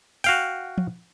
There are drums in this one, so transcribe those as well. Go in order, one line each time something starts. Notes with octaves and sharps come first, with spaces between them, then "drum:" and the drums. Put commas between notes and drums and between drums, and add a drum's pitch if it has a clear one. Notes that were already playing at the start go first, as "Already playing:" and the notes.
F#4 F5 G5, drum: open hi-hat
drum: tom